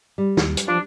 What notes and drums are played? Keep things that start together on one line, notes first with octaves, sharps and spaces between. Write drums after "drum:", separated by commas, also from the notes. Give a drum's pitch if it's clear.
G3
D#2, drum: snare
drum: hi-hat
F3 D4